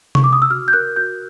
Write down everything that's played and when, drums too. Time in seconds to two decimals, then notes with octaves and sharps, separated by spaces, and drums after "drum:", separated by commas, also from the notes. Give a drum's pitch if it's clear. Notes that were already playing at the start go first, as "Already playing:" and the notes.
0.15 C#6, drum: tom C3
0.24 D6
0.33 D#6
0.42 E6
0.50 F#4 F6
0.68 G6
0.73 A#4 F#6
0.96 F#4 G6